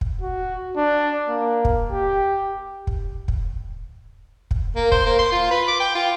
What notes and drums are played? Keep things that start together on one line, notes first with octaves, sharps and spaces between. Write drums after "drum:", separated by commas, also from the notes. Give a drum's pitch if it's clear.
drum: kick
F#4
D4
A#3
drum: kick
G4
drum: kick
drum: kick
drum: kick
A#3
C5, drum: kick
A#3
C6
F4
B4
D6
G5
F4